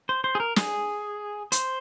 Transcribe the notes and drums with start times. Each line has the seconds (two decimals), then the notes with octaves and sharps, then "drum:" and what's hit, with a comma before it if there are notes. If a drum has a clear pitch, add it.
0.09 C5
0.24 C5
0.35 G#4
0.40 A#4
0.56 G#4, drum: snare
1.52 C5, drum: hi-hat